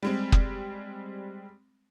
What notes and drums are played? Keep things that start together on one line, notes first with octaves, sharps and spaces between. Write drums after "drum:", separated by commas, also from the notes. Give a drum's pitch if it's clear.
G3 G#3 C4
drum: kick